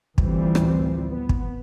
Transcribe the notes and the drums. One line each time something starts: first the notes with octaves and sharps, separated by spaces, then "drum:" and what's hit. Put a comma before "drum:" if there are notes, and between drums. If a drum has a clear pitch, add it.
A1 D2 E3 F3 G3 C4, drum: kick
drum: rim click
B3
drum: kick